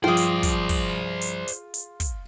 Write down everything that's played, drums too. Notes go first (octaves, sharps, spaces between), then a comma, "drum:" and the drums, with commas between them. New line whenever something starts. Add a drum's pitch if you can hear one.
G2 F3 F4 G#4 C5 D5 G5
drum: hi-hat
drum: kick, hi-hat
drum: kick, open hi-hat
drum: hi-hat
drum: hi-hat
drum: hi-hat
drum: kick, hi-hat